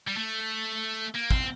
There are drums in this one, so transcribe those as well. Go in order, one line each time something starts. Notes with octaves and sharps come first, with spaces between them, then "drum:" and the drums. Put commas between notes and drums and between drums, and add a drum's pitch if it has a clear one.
G3
A3
A#3
C4, drum: kick